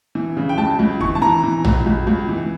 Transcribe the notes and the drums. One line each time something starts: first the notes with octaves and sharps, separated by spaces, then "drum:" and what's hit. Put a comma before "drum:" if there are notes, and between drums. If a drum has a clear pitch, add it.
E3
C#3
G5
C#2 A5
C#2
E3 C#6, drum: kick
A5
E3 A#5
E3
C#2, drum: tom A#1
C#2
C#2
E3